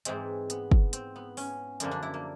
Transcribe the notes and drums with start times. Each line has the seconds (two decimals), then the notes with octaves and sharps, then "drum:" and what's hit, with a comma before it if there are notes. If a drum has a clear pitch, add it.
0.05 G#2 E3 G#3 C4, drum: hi-hat
0.50 B3, drum: hi-hat
0.72 drum: kick
0.93 C4, drum: hi-hat
1.16 B3
1.37 C#4, drum: open hi-hat
1.80 F#2 D3 F3 A#3 C#4, drum: hi-hat
1.91 D4
2.03 E4
2.14 A#3